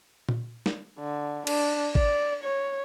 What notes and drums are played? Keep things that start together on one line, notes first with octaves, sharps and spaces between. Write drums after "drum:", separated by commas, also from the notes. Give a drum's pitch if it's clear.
drum: tom A#2
drum: snare
D3
D4, drum: cymbal
D5, drum: kick G#1
C#5